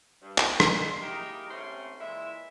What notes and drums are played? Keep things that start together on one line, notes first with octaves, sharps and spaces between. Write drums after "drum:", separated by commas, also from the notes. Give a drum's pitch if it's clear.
G2
drum: clap
G#3 D4 D#4 E5 F5 C6, drum: rim click
A#3 D#4 E4 G4 G#4 A#4
G#2 C3 A3 C4 C#4 C6
A#2 E3 G#3 E4 E5